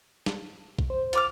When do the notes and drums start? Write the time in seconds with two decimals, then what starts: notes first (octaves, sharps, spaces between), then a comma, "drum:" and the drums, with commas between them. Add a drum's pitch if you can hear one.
0.26 drum: snare
0.79 drum: kick B1
0.90 C5
1.13 F4 D6 F6, drum: hi-hat